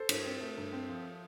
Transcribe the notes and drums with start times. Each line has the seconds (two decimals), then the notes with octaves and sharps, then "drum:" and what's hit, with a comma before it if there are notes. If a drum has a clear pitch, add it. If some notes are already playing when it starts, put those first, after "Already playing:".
Already playing: A4 C5
0.09 G2, drum: cymbal
0.25 C4
0.40 A3
0.57 G2
0.73 C4
0.89 F3